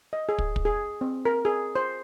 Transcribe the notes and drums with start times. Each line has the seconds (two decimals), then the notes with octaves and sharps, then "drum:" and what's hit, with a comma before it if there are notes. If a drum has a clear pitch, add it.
0.13 D#5
0.29 G#4
0.38 drum: kick
0.56 drum: kick
0.65 G#4
1.01 C4
1.25 A#4
1.45 G#4
1.76 C5